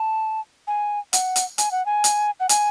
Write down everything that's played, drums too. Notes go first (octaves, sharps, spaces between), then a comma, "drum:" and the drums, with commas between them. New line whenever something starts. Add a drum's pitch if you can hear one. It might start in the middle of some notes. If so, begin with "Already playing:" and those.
Already playing: A5
G#5
F#5, drum: hi-hat
drum: hi-hat
G#5, drum: hi-hat
F#5
G#5
drum: hi-hat
F#5
G#5, drum: hi-hat